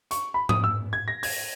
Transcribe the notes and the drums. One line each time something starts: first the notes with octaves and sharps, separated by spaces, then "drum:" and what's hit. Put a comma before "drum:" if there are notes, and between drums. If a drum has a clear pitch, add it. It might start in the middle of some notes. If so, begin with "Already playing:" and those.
C#6, drum: hi-hat
B5
D#6, drum: tom G#2
E6
G#6
A#6
G#6, drum: open hi-hat